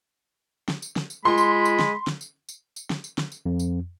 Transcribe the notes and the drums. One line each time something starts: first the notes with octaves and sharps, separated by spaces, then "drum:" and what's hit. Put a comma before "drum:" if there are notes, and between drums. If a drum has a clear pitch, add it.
drum: snare
drum: tambourine
drum: snare
drum: tambourine
G#3 F4 B5 C6
drum: tambourine
drum: tambourine
drum: snare
drum: snare
drum: tambourine
drum: tambourine
drum: tambourine
drum: snare
drum: tambourine
drum: snare
drum: tambourine
F2
drum: tambourine